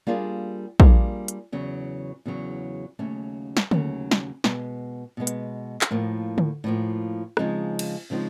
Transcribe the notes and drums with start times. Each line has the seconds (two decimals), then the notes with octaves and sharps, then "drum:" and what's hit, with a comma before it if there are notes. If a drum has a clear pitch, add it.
0.07 G3 A#3 D4 F4 G#4
0.80 G3 A#3 D4 F4 G#4, drum: kick
1.28 drum: hi-hat
1.52 E2 C#3 F#3
2.26 E2 C#3 F#3
2.99 D#2 C#3 F#3 A3 C#4
3.57 drum: snare
3.71 D#2 C#3 F#3 A3 C#4, drum: tom D3
4.11 drum: snare
4.44 B2 G#3 B3, drum: snare
5.17 B2 G#3 B3
5.27 drum: hi-hat
5.81 drum: clap
5.91 A2 F3 A#3
6.38 drum: tom D3
6.64 A2 F3 A#3
7.37 C#3 F3 G#3 C4 D#4, drum: rim click
7.79 drum: cymbal
8.10 C#3 F3 G#3 C4 D#4